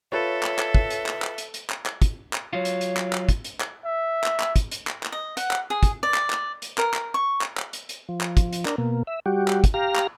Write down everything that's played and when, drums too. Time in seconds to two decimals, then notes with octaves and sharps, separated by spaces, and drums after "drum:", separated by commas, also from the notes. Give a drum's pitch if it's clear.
0.12 F4 A4 B4 C#5 E5 A6
0.43 drum: clap
0.59 drum: clap
0.75 drum: kick
0.90 drum: hi-hat
1.06 drum: clap
1.22 drum: clap
1.38 drum: hi-hat
1.54 drum: hi-hat
1.70 drum: clap
1.86 drum: clap
2.02 drum: kick, hi-hat
2.33 drum: clap
2.53 F#3 F4 C#5
2.65 drum: hi-hat
2.81 drum: hi-hat
2.97 drum: clap
3.13 drum: clap
3.29 drum: kick, hi-hat
3.44 drum: hi-hat
3.60 drum: clap
3.85 E5
4.24 drum: clap
4.40 drum: clap
4.56 drum: kick, hi-hat
4.71 drum: hi-hat
4.87 drum: clap
5.03 drum: clap
5.12 D#5
5.37 F#5, drum: hi-hat
5.51 drum: clap
5.70 G#4
5.83 drum: kick, hi-hat
6.03 D5
6.14 drum: clap
6.30 drum: clap
6.62 drum: hi-hat
6.78 A#4, drum: clap
6.94 drum: clap
7.14 C#6
7.41 drum: clap
7.57 drum: clap
7.73 drum: hi-hat
7.89 drum: hi-hat
8.09 F3
8.21 drum: clap
8.37 drum: kick, hi-hat
8.53 drum: hi-hat
8.66 D4 A#4, drum: clap
8.78 B2 A#3
9.07 E5
9.26 G3 F#4 G4
9.48 drum: clap
9.64 drum: kick, hi-hat
9.74 G4 F5 A#5
9.95 drum: clap